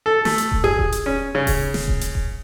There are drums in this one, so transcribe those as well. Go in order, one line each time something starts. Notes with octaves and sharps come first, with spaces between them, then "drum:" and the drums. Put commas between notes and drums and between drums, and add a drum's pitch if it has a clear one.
A4
A3, drum: snare
drum: hi-hat
drum: kick D#1
G#4, drum: tom F2
drum: kick D#1
drum: hi-hat
C#4
C#3
drum: kick D#1, open hi-hat
drum: snare
drum: kick D#1
drum: hi-hat
drum: kick D#1